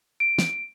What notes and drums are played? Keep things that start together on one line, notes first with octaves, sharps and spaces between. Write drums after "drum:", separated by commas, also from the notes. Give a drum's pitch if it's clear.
D7
drum: snare